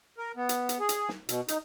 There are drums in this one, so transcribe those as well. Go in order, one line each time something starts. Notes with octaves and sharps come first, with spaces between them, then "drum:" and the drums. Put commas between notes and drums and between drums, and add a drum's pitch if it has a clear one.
A#4
B3
drum: hi-hat
drum: hi-hat
G#4
drum: hi-hat
drum: snare
B2, drum: hi-hat
D#4, drum: hi-hat